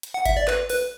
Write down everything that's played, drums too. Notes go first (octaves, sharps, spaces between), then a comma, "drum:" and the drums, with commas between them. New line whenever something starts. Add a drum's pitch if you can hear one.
drum: hi-hat
F#5
E5, drum: kick G#1, hi-hat
D5
B4, drum: clap
B4, drum: open hi-hat